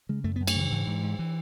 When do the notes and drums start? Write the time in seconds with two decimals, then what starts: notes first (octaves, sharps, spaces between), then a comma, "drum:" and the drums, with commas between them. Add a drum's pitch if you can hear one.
0.09 C#3 G#3
0.24 F#2 A3
0.36 F#2 B3
0.47 A3, drum: cymbal
0.56 C#3 E3
0.72 G#2 E3
0.87 G#2
1.03 G#2
1.19 E3